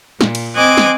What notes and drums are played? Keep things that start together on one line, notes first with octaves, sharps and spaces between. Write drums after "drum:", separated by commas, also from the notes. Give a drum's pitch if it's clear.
A#2, drum: snare
drum: cymbal
C4 D#5 G#5 D6 F#6 G#6
drum: snare